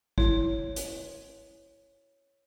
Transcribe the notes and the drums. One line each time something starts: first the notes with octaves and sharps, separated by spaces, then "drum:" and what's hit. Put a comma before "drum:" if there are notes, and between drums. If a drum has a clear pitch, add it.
E4 C#5, drum: kick
drum: hi-hat